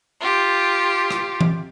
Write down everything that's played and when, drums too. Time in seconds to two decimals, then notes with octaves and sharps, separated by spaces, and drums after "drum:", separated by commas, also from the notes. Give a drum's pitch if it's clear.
0.20 F4 G4
1.11 drum: rim click
1.41 drum: tom E3